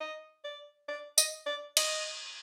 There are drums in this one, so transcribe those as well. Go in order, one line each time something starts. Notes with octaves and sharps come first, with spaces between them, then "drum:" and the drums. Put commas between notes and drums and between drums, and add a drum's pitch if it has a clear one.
D#5
D5
D5
D#5, drum: tambourine
D5
D#5, drum: cymbal